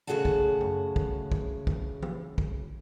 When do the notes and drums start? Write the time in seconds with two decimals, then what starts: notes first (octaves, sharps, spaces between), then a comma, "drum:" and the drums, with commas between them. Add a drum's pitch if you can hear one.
0.07 A2 C#3 F#4 G#4 F#5 A5
0.25 drum: kick
0.61 drum: tom F#2
0.96 drum: kick
1.32 drum: kick
1.67 drum: kick
2.02 drum: tom E3
2.38 drum: kick